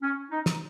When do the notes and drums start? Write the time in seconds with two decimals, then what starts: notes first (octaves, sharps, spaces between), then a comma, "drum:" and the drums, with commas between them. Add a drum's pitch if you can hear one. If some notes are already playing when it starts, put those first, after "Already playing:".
0.02 C#4
0.31 D#4
0.46 drum: snare